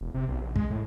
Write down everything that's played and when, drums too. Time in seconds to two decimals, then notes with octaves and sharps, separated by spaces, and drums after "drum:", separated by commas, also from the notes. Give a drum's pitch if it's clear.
0.01 E1
0.14 C3
0.28 B1
0.41 A#1
0.56 G#3, drum: kick
0.70 A2